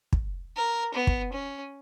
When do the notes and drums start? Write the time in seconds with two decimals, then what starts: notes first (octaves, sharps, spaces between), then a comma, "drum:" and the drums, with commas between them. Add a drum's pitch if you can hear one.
0.13 drum: kick
0.57 A#4
0.95 B3
1.07 drum: kick
1.33 C#4